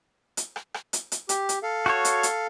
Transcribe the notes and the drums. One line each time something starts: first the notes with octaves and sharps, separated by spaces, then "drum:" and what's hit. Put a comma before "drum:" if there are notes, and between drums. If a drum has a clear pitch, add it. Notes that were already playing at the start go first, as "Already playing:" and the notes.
drum: hi-hat
drum: rim click
drum: rim click
drum: hi-hat
drum: hi-hat
G4, drum: hi-hat
drum: hi-hat
A4 F5
F#4 C#5, drum: rim click
drum: hi-hat
drum: hi-hat